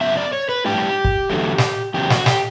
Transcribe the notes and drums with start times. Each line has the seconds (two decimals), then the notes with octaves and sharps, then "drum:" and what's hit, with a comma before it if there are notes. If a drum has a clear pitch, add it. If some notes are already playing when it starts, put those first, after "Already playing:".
0.01 F#2 C#3 F#3 B3 E5
0.17 D5
0.33 C#5
0.49 B4
0.65 A2 G3 D4 G4
1.04 drum: kick
1.30 E2 D3 F#3 A3
1.58 drum: snare
1.94 E2 C#3 F#3 G4
2.10 F#4, drum: snare
2.26 G4, drum: snare